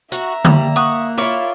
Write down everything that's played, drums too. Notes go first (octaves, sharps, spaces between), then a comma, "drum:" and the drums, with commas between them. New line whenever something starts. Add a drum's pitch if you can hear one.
F#4 E5 A#5, drum: hi-hat
G3 A#3, drum: tom D3
F#5 C#6 D#6
E4 F4 A#4 C#5 D5 E5 F5